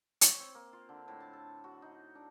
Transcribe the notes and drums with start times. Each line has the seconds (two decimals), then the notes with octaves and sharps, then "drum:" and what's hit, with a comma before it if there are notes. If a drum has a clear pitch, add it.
0.21 C#5, drum: hi-hat
0.40 C4
0.55 A#3
0.73 F4
0.89 D3
1.08 A2
1.20 A5
1.33 A4
1.64 F#4
1.82 D#4
2.15 D4